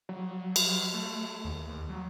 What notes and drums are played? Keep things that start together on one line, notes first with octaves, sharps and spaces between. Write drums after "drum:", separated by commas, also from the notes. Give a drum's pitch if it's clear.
F#3
drum: cymbal
A3
D#2
F#3